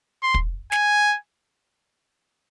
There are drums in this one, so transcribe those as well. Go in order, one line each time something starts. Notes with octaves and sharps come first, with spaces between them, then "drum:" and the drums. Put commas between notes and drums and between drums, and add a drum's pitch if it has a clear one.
C6
drum: kick
G#5, drum: snare